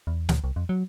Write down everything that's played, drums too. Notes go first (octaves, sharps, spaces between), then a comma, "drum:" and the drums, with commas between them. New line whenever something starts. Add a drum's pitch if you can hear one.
E2
D2, drum: snare
C2
F2
F#3